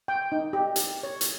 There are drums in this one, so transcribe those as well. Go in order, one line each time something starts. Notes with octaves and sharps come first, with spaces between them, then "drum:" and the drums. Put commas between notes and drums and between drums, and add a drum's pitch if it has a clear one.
G5
D#4
G4
drum: hi-hat
C#5
drum: hi-hat